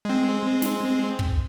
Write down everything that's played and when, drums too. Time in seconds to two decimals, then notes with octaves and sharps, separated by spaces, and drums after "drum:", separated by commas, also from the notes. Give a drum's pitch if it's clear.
0.05 G#3 C4
0.62 drum: snare
1.19 drum: kick